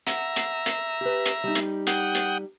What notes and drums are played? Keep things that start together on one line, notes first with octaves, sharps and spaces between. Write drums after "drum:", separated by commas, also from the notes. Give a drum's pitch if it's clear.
E5 F#5 A#5, drum: hi-hat
drum: hi-hat
drum: hi-hat
G4 B4
drum: hi-hat
G3 D#4
drum: hi-hat
F#5 G5 D#6, drum: hi-hat
drum: hi-hat